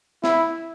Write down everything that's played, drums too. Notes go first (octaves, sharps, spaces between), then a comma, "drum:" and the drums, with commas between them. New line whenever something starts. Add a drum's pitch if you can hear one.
E4, drum: snare